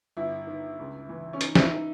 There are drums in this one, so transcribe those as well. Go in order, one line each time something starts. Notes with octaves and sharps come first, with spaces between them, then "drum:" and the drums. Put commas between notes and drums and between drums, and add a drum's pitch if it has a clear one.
G1 E4
D#3
C#2
E3
C#4
D#3 D#4, drum: hi-hat
E4, drum: snare
D#4